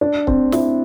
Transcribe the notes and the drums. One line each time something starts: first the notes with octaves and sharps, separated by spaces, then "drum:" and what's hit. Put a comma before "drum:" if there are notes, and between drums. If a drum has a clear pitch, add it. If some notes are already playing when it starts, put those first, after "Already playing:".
D4
C4, drum: kick C#1
E4, drum: snare